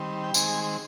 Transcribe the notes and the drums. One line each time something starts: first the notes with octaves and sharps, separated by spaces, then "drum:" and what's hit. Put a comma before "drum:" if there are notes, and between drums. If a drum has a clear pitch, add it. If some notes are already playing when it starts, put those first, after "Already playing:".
Already playing: D#3 G3 C4
G5
D#3 G#3 C4 G#5, drum: tambourine